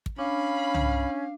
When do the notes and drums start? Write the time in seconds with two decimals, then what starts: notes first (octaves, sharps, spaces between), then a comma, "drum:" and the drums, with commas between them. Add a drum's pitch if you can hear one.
0.06 drum: kick
0.18 C#4 D4 F5 B5
0.74 drum: tom